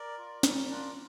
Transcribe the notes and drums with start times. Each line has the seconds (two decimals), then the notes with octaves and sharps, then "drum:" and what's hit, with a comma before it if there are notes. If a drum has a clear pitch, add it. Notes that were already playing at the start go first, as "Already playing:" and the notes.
Already playing: A#4 D5
0.18 F4
0.43 G3, drum: snare
0.70 D4 F4